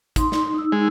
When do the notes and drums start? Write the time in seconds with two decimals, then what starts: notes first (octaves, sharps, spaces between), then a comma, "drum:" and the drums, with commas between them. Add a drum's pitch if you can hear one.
0.16 D#4 C6, drum: kick, hi-hat
0.32 drum: snare
0.54 D#4 E6
0.72 G#3